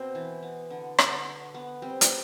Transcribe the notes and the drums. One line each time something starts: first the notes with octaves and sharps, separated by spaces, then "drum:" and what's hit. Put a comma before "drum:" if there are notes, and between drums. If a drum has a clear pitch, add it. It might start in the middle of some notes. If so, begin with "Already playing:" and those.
Already playing: B2 C4
E3
B3
D3
D3, drum: rim click
D3
B3
G3 C4
drum: hi-hat